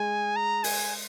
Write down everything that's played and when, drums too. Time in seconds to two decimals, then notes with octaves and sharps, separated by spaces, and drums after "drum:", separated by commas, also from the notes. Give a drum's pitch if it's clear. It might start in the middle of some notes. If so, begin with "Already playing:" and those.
Already playing: G#3 G#5
0.36 A#5
0.64 G#5, drum: open hi-hat